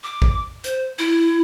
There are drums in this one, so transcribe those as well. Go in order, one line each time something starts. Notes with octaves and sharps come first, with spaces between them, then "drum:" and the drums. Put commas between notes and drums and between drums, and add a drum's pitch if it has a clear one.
D6
drum: kick A1
C5, drum: hi-hat
E4